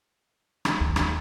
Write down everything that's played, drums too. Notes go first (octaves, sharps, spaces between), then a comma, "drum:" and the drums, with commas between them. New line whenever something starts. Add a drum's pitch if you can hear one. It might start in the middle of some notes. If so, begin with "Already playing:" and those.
drum: rim click
D#2
drum: rim click